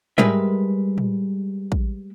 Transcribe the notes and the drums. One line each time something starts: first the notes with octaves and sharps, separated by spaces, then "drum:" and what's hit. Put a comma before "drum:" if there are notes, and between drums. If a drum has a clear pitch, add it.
G3 G#3 A#4 B4 E5, drum: tom
drum: tom A2
drum: kick